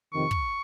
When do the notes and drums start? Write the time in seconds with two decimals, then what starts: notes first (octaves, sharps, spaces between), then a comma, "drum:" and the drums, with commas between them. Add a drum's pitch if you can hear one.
0.13 F2 C3 D#3 C#6
0.31 drum: kick